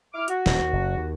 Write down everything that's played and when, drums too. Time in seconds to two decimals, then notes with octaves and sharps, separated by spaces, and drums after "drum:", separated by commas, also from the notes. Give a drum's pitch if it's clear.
0.14 E4 D6 F6
0.28 F#4, drum: hi-hat
0.46 D#1 B2, drum: snare
0.60 D#2
0.73 F#1
0.97 D#2